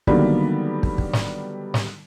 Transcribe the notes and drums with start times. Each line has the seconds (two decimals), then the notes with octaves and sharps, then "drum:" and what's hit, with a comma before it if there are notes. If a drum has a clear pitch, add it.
0.07 D3 D#3 F#3 G3 A#3 B3, drum: kick
0.83 drum: kick
0.98 drum: kick
1.13 drum: snare
1.74 drum: snare